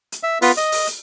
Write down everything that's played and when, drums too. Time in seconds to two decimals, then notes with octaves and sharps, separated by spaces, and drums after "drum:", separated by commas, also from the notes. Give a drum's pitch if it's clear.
0.12 drum: hi-hat
0.23 E5
0.42 B3 F4 B4, drum: open hi-hat
0.57 D#5, drum: hi-hat
0.72 drum: open hi-hat
0.87 drum: hi-hat